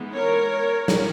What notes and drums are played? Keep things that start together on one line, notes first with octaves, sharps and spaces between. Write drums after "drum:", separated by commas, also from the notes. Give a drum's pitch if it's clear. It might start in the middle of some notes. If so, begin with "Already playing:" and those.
Already playing: E3 G#3 B3 D#4
A#4 C#5
drum: snare